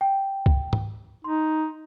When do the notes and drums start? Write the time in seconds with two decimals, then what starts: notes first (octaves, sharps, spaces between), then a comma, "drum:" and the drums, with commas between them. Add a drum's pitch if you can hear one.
0.01 G5
0.46 drum: kick C2
0.73 drum: tom
1.24 D#4 C6